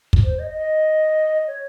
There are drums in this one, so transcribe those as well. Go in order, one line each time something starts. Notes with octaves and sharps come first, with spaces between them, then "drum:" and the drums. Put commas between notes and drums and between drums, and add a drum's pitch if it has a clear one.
drum: kick
C5
D#5
D#5
C#5